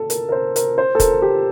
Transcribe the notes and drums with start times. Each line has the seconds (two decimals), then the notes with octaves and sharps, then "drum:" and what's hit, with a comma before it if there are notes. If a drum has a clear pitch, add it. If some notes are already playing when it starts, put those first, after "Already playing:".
Already playing: A4
0.10 A#4, drum: hi-hat
0.29 A#4
0.32 C5
0.56 A#4, drum: hi-hat
0.78 C5
0.95 A4
1.00 A#4, drum: kick, hi-hat
1.22 G4